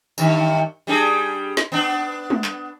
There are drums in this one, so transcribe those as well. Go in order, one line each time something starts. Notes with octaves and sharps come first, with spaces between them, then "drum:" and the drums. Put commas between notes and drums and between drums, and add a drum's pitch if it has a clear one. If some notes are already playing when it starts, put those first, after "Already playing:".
G2 D#3, drum: tambourine
G3 D4 G#4
drum: snare
B3 D4
drum: tom
drum: clap